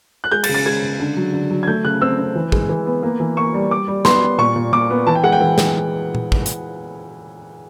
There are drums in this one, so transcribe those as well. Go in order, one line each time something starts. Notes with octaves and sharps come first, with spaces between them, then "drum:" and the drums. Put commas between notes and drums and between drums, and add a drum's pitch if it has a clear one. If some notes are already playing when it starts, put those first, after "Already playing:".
F#6
G#3 G6
A6, drum: cymbal
C#3
A6
G#3 G#6
C#3
D3
F#3
D3
F#3
G#6
A3 G6
C#3 F#6
C4 E6
C4
E3
G#3, drum: kick
E3
B3
A#3
E3
A#3 C#6
G3
G3 D6
G3
B3 C6, drum: snare
G3
A#2 C#6
A#2
A#2 D6
B3
E3 A5
G5
G#3 F#5
G5
E3
G#3, drum: snare
drum: tom A#2
drum: kick
drum: hi-hat